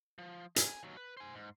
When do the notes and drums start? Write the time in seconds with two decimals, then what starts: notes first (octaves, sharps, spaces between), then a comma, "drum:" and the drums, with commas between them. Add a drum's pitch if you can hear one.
0.18 F3
0.56 G#5, drum: hi-hat
0.83 D#2 F#3
0.97 B4
1.17 C5 G#5
1.35 G#2